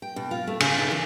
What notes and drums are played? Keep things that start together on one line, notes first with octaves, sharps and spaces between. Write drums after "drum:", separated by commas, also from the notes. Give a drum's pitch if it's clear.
G5
B2
F4
A3
C#3, drum: cymbal
D#4
E3